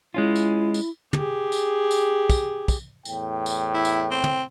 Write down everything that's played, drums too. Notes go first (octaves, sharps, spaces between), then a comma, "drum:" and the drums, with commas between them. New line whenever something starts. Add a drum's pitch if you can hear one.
G#3 C#4 E4 F4
drum: tambourine
drum: tambourine
G4 G#4, drum: tom
drum: tambourine
drum: tambourine
drum: kick, tambourine
drum: kick, tambourine
E2 A2 G5, drum: tambourine
drum: tambourine
E4
drum: tambourine
C4
drum: tom